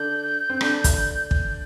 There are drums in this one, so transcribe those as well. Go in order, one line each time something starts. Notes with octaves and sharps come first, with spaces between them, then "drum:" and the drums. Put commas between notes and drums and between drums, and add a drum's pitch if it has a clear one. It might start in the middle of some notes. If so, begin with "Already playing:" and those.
Already playing: D3 D4 G6
C4
D3 D4, drum: rim click
drum: kick, hi-hat
drum: kick